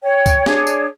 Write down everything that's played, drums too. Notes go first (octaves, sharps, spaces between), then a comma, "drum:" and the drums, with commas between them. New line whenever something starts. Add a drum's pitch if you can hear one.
C#5 G5
drum: kick C#2, tambourine
D4 G#4 C#5, drum: snare
drum: tambourine